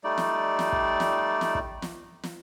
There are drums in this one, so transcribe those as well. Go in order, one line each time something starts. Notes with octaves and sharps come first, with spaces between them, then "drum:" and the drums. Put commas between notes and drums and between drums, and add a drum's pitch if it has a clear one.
G3 A3 D#4 D5
drum: snare
drum: snare
drum: kick
drum: snare
drum: snare
drum: kick
drum: snare
drum: snare